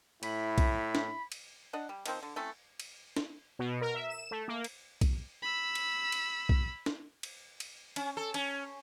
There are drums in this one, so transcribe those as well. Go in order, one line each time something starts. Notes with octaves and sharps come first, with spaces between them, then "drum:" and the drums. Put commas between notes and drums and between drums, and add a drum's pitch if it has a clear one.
A2 E4 B5, drum: cymbal
drum: kick, cymbal
drum: snare
drum: cymbal
D4 D#5 F#5
G3
D#3 F3 C4 C5, drum: cymbal
D3
A3 C4 C#4 E4
drum: cymbal
drum: snare
B2
A#4
E5
E7
A3
A#3
drum: cymbal
drum: kick, cymbal
B5 E6
drum: cymbal
drum: cymbal
drum: kick
drum: snare
drum: cymbal
drum: cymbal
C#4, drum: cymbal
A4
C#4, drum: cymbal